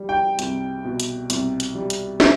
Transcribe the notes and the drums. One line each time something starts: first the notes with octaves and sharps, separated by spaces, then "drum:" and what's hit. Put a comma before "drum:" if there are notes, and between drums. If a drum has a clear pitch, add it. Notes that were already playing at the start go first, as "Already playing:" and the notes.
Already playing: G3
G5
C2, drum: hi-hat
B2
drum: hi-hat
C2, drum: hi-hat
drum: hi-hat
G3
drum: hi-hat
E5, drum: snare